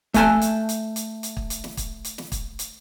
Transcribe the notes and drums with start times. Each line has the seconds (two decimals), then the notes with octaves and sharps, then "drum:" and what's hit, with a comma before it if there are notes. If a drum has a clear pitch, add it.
0.14 A3 G#5 A5, drum: kick, hi-hat
0.42 drum: hi-hat
0.69 drum: hi-hat
0.96 drum: hi-hat
1.23 drum: hi-hat
1.37 drum: kick
1.50 drum: hi-hat
1.64 drum: snare
1.77 drum: kick, hi-hat
2.05 drum: hi-hat
2.18 drum: snare
2.32 drum: kick, hi-hat
2.59 drum: hi-hat